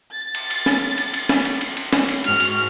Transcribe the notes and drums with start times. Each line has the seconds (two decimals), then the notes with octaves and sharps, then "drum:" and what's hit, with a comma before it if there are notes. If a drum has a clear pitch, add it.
0.10 A6
0.35 drum: cymbal
0.50 drum: cymbal
0.66 drum: snare
0.98 drum: cymbal
1.14 drum: cymbal
1.29 drum: snare
1.45 drum: cymbal
1.61 drum: cymbal
1.77 drum: cymbal
1.93 drum: snare
2.08 drum: cymbal
2.24 G#2 F#4 F6, drum: cymbal
2.40 drum: cymbal